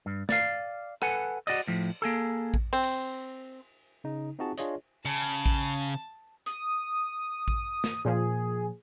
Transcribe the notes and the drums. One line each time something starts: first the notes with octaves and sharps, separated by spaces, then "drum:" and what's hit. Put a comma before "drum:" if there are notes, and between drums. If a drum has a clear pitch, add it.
G2
D5 F5, drum: snare
A4 B4 F#5 G#5, drum: rim click
F#4 D5 D#5, drum: cymbal
A2 F3
A#3 G#4 A4
drum: kick A1
C4
drum: cymbal
C#3 D#4
C4 D#4 F4 F#4 G#4 A5
D4 F4 G#4 C#5 D#5, drum: hi-hat
C#3 A5
drum: kick A1
D#6, drum: hi-hat
drum: kick A1
drum: snare
A#2 F3 G#4